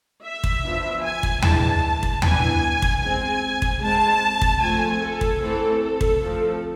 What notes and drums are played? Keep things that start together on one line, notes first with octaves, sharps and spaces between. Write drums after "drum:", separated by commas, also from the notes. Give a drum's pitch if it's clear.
E5
drum: kick
F3 B3 D4
G#5
drum: kick
E3 G#3 D4 A5, drum: tom D#2
drum: kick
E3 B3 D4 G#5, drum: tom D#2
drum: kick
G#3 C4 G#5
drum: kick
G#3 C4 A5
drum: kick
F3 A3 C4 G#5
A4
drum: kick
E3 A3 C4 A4
A4
drum: kick
F3 A3 C4